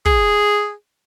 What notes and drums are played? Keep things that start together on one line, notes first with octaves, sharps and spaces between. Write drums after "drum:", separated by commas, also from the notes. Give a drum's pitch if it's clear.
G#4, drum: kick